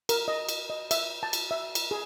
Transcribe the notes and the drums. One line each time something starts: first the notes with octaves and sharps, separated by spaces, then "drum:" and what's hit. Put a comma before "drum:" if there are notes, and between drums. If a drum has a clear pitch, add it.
A#4, drum: cymbal
D#5
drum: cymbal
D#5
E5, drum: cymbal
A5
drum: cymbal
E5
drum: cymbal
G#4